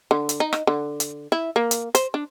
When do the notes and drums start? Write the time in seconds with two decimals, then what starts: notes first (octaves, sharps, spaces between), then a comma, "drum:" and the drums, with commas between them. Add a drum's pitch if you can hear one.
0.11 D3
0.29 drum: hi-hat
0.40 D#4
0.53 drum: rim click
0.67 D3
1.00 drum: hi-hat
1.32 E4
1.56 A#3
1.71 drum: hi-hat
1.95 C5, drum: hi-hat
2.14 D4